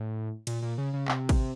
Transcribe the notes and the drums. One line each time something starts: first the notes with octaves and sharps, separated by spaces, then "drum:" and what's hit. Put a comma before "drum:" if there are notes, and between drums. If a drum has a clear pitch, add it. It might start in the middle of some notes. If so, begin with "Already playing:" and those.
Already playing: A2
A#2, drum: cymbal
A#2
C#3
C#3
C3, drum: clap
drum: kick, cymbal